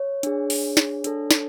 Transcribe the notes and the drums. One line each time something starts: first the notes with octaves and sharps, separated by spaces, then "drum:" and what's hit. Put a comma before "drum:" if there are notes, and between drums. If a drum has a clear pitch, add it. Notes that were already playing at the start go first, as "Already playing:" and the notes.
Already playing: C#5
D4 G#4, drum: hi-hat
drum: open hi-hat
drum: snare
D4 A4, drum: hi-hat
drum: snare